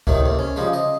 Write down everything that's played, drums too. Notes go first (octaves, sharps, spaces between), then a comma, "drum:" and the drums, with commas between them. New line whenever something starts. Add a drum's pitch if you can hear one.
A2 C3 D#3 D#4, drum: kick C#2
D#2 C3
C#4
C#3 F3 G3 D#4
D#5